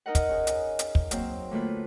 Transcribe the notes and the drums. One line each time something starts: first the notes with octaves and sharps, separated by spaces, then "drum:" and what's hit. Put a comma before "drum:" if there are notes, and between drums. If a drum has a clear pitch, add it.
D#4 A#4 D#5 F#5
drum: kick, hi-hat
C#4 G#4
drum: hi-hat
drum: hi-hat
drum: kick
F#3 A#3 C4, drum: hi-hat
D3 A3 A#3 F4 B4